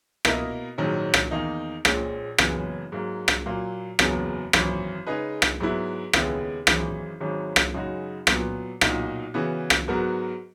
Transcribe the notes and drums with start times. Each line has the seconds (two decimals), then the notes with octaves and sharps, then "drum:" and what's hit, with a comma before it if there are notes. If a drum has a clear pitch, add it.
0.25 B2 A#3 E4 A#4 D#5, drum: rim click
0.78 A#1 G#2 D#3 F#3 C#4
1.14 drum: rim click
1.31 E2 D#3 A#3 D#4
1.85 A#1 A#2 G#3 C#4, drum: rim click
2.38 F#1 F#2 C#3 E3 B3, drum: rim click
2.92 G#2 F#3 A#3
3.28 drum: rim click
3.46 A#2 F#3 A#3
3.99 F#1 E2 C#3 F#3 B3, drum: rim click
4.53 G#1 F#2 E3, drum: rim click
5.07 C#3 G#3 D#4 G#4 B4
5.42 drum: rim click
5.60 G#2 F#3 B3 E4
6.13 D#2 C#3 G#3 B3 E4, drum: rim click
6.67 G#1 F#2 E3 G#3, drum: rim click
7.20 G#1 G#2 D#3 F#3 C#4
7.56 drum: rim click
7.74 F#2 C#3 G#3 D#4 F#4
8.27 A#2 F#3 B3, drum: rim click
8.81 B1 A#2 A#3 D#4 F#4, drum: rim click
9.34 C#3 E3 B3 F#4
9.70 drum: rim click
9.88 G#2 F#3 B3 F#4 A#4